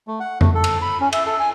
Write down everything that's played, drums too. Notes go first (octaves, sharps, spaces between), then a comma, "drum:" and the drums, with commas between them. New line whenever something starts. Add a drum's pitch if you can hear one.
A3
F#5
A3, drum: tom F2
A4
drum: cymbal
B5
C#4
E5, drum: cymbal
A4
G#5